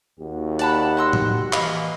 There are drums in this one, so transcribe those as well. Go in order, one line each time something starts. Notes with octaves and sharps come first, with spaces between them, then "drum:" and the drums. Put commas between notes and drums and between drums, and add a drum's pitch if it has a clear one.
D#2 F#4 G4
D5 F#5 A5 B5, drum: hi-hat
D#5 C6 E6
drum: tom A2
E3 A#3 D#5 F5 B5, drum: clap